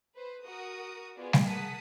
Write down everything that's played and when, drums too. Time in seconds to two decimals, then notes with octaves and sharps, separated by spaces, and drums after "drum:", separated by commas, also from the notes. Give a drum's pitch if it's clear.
0.15 B4 C5
0.44 F#4 A#4 D#6
1.17 B3 F4 G#4 D5
1.33 drum: snare G3
1.46 G#4 A#4 F#5 A5 D#6 B6